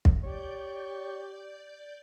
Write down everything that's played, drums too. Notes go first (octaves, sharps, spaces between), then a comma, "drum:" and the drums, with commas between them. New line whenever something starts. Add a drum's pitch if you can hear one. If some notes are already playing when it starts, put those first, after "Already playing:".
drum: kick
G4 C#5 D5 G6